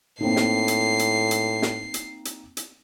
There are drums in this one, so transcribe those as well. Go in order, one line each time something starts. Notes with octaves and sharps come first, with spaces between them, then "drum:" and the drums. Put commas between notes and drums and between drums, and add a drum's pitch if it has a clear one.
A2 A#3 C4 D#4 C7
drum: snare
drum: hi-hat
drum: hi-hat
drum: hi-hat
drum: snare
drum: hi-hat
drum: hi-hat
drum: hi-hat